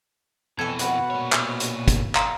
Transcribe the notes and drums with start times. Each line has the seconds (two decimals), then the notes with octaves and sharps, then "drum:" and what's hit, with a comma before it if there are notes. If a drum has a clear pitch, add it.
0.59 F2 B2 E3 A4 G#5 G#6
0.79 F#4 B4, drum: hi-hat
1.10 A#2 C#5
1.32 drum: clap
1.60 drum: hi-hat
1.88 drum: kick, hi-hat
2.15 F5 A#5 C6, drum: clap